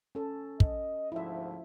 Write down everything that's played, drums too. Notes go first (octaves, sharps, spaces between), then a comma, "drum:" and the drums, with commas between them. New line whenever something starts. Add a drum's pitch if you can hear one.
C#4 A4
D#5, drum: kick
D2 G#2 F3 E4 E5